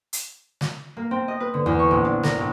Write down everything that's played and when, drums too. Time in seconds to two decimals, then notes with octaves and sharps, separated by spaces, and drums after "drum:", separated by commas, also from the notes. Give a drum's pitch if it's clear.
0.13 drum: hi-hat
0.61 drum: snare
0.97 A#3
1.11 C4
1.28 D#5
1.40 B4
1.54 D3
1.66 E2
1.79 C#6
1.91 A#1
2.05 D4
2.23 A#4, drum: snare
2.39 A#1